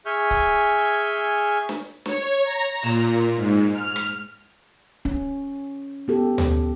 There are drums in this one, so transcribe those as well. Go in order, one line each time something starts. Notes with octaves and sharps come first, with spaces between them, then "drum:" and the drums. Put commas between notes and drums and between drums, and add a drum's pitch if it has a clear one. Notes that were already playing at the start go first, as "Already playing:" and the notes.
G#4 E5 G#5 C#6 F6 G6
drum: kick C#1
drum: snare
C#5, drum: snare
A#5
A#2, drum: open hi-hat
G#2
F6
drum: rim click
C#4, drum: kick C#1
B3 G4 A4
drum: tom